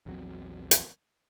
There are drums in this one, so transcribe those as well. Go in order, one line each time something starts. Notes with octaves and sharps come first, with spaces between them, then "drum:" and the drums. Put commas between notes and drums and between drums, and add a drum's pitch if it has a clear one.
A#1 E2 F#3 C4
drum: hi-hat